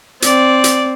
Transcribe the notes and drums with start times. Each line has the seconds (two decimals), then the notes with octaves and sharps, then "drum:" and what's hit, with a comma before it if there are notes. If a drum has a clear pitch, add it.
0.22 C4 D5, drum: hi-hat
0.64 drum: hi-hat